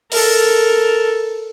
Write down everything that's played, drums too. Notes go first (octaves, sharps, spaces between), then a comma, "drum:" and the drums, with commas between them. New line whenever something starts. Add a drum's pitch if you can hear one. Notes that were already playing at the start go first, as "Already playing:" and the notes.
A4 A#4, drum: open hi-hat